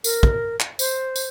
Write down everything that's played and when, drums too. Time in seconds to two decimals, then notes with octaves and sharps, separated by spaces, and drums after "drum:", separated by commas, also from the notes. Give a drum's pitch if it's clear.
0.04 A#4, drum: tambourine
0.23 drum: kick
0.60 drum: clap
0.79 C5, drum: tambourine
1.16 drum: tambourine